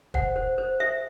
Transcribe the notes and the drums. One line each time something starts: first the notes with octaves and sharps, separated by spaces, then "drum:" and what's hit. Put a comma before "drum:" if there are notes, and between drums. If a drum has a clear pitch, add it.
C5 F#5, drum: kick
C5
C5
C5 E5